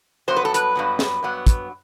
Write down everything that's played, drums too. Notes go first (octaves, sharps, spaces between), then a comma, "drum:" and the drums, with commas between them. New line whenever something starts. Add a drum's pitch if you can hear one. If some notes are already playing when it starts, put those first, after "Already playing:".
G2 F#3 B3 C5
B4
A4
B4, drum: hi-hat
G2 F#3 B3
drum: snare
G2 F#3 B3
drum: kick, hi-hat